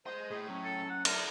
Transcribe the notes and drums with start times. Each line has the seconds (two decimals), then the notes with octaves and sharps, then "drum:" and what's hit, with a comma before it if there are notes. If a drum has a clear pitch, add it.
0.06 G#4 C5 D#5 C6
0.30 A2 G#4
0.49 F#3 C#4
0.64 A4
0.89 F#5
1.05 D4 A#4 D5 E5, drum: cymbal